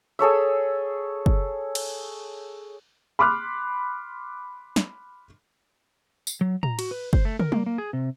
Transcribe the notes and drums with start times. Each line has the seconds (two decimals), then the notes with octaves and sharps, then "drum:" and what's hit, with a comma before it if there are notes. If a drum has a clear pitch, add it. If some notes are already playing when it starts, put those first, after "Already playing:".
0.19 G#4 A4 C#5 E5
1.26 drum: kick F#1
1.75 drum: cymbal
3.19 B5 C6 D6 F6 F#6
4.76 drum: snare
6.27 drum: tambourine
6.41 F#3
6.63 A#5, drum: tom
6.79 F#4, drum: cymbal
6.91 B4
7.13 C5, drum: kick F#1
7.25 A3
7.39 A#4, drum: tom
7.52 A#3, drum: tom F#3
7.66 A#3
7.78 G#4
7.93 C3